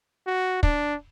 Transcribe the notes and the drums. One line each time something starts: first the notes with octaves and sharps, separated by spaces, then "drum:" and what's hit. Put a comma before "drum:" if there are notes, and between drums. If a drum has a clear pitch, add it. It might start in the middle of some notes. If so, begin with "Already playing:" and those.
F#4
D4, drum: kick